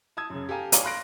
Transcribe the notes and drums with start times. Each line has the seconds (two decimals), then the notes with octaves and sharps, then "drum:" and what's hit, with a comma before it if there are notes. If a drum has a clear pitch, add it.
0.17 A5 D#6 E6 G#6
0.30 F#2 C#3
0.49 G4 A4 F5 G#5 A#5
0.72 C#5 D5 F5 G#5 A#5 D6, drum: hi-hat
0.84 F5 B5 C6 F#6 A#6 D7